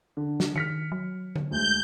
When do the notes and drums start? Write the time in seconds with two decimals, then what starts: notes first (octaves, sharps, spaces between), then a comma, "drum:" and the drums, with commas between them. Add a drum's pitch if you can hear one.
0.17 D3
0.40 drum: snare
0.56 D#3 F6 B6 C#7
0.92 F#3
1.36 drum: tom D3
1.51 D2 G#3 G6